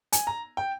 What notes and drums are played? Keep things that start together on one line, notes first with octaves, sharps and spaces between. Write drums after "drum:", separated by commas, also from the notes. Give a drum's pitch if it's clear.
G#5, drum: hi-hat
A#5
G5